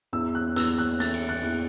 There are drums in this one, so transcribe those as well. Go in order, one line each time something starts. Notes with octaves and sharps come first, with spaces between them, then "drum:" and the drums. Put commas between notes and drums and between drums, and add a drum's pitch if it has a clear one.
E2 E6
F#6
E2 E6, drum: hi-hat
F#6
A3 A6, drum: hi-hat
drum: cymbal
F#6
E2